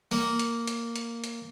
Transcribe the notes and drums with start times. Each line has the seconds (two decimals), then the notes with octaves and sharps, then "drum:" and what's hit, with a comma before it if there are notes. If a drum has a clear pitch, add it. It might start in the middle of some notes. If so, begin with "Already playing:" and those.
0.11 A#3, drum: open hi-hat
0.39 drum: hi-hat
0.67 drum: hi-hat
0.96 drum: hi-hat
1.24 drum: hi-hat